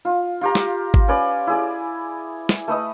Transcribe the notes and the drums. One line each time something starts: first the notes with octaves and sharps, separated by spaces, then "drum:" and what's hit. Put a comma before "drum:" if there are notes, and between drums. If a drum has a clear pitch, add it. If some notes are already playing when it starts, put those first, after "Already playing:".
F4
F4 G4 A#5
drum: snare
drum: kick G#1
C#4 B4 D5
E4 G#4 D5
drum: snare
A3 B4 D#5 D#6